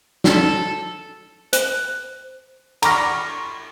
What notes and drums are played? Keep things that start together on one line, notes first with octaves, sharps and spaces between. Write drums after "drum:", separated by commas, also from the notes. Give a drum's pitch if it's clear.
A4, drum: snare
C5, drum: hi-hat
A#5 B5 C#6 D6 F6 A#6, drum: cymbal